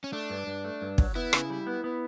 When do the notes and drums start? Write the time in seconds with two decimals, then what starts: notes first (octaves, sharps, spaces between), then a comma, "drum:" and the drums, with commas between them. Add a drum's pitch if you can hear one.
0.04 C#4
0.13 A3 D4
0.30 G2
0.47 G2
0.64 A3
0.81 G2
0.98 F#3, drum: kick
1.15 B3 E4
1.33 C#3, drum: rim click
1.50 G3
1.67 B3
1.84 B3